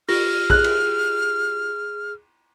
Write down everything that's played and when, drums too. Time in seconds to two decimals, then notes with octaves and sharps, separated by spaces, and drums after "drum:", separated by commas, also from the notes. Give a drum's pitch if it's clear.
0.09 F4 G4 F6 A#6, drum: open hi-hat
0.50 G#4 F#6, drum: kick A#1
0.64 drum: cymbal